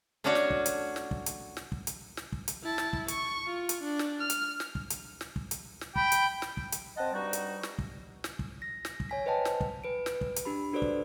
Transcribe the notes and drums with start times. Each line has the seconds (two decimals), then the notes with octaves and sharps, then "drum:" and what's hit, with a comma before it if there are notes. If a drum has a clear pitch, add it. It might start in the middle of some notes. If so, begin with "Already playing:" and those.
0.24 A3 C#4 D4 F#4 C#5
0.35 drum: snare
0.50 drum: kick
0.66 drum: hi-hat
0.96 drum: snare
1.11 drum: kick
1.26 drum: hi-hat
1.57 drum: snare
1.72 drum: kick
1.87 drum: hi-hat
2.17 drum: snare
2.32 drum: kick
2.48 drum: hi-hat
2.63 E4 A5
2.78 drum: snare
2.93 drum: kick
3.08 C#6, drum: hi-hat
3.47 F4
3.69 drum: hi-hat
3.83 D4
3.99 drum: snare
4.20 F6
4.30 drum: hi-hat
4.60 drum: snare
4.75 drum: kick
4.90 drum: hi-hat
5.21 drum: snare
5.36 drum: kick
5.51 drum: hi-hat
5.81 drum: snare
5.96 G5 B5, drum: kick
6.12 drum: hi-hat
6.42 drum: snare
6.57 drum: kick
6.72 drum: hi-hat
6.97 C4 D#5 F#5 A5
7.13 G2 G3 D#4 F#4
7.33 drum: hi-hat
7.63 drum: snare
7.78 drum: kick
8.24 drum: snare
8.39 drum: kick
8.62 A#6
8.85 drum: snare
9.00 drum: kick
9.09 C#5 G#5 B6
9.26 B4 C5 D#5 G5 A5
9.45 drum: snare
9.61 drum: kick
9.84 B4 D7
10.06 drum: snare
10.21 drum: kick
10.36 drum: hi-hat
10.45 D4 G4 B5
10.73 D4 F#4 A4 B4 C5 D5
10.82 drum: kick